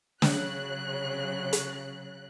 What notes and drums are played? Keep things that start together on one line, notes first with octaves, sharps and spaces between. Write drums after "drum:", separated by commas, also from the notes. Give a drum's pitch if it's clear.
C#3 F#3 F#6, drum: snare
drum: hi-hat